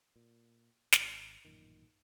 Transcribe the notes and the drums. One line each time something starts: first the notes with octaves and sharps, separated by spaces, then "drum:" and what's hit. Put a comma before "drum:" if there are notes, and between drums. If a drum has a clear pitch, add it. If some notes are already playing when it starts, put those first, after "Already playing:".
A#2
G#1, drum: snare
A1 F#2 A#2 D#3